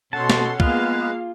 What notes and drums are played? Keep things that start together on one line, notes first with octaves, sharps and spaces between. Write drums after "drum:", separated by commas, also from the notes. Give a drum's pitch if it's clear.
B2 C#4 A4 F#5 A5 C6
drum: snare
G#3 A#3 B3 F4 G#4 B4 F5, drum: kick